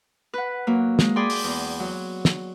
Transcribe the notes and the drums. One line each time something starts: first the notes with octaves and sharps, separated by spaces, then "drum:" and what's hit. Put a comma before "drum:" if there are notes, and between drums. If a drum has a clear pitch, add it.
B4 F#5
F#3 A#3
G#3, drum: snare
G#4 D5 G5 G#5 B5 C6
drum: open hi-hat
E2
F#3
drum: snare